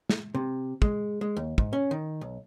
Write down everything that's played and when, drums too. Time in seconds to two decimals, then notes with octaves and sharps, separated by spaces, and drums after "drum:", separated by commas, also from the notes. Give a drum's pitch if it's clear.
0.10 drum: snare
0.35 C3
0.82 G#3, drum: kick
1.21 G#3
1.37 D#2
1.58 G#2, drum: kick
1.73 C#4
1.91 D#3
2.21 B1